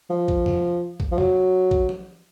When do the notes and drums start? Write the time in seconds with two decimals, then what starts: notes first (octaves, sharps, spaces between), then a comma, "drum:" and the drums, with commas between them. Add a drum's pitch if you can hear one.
0.10 F3
0.28 drum: kick A1
0.46 drum: tom
1.00 drum: kick A1
1.11 F3
1.18 F#3, drum: tom
1.71 drum: kick A1
1.89 drum: tom